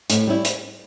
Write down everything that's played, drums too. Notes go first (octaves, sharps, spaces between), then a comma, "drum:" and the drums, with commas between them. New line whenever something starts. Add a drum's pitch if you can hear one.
A2, drum: hi-hat
G3 C#4 E4
drum: hi-hat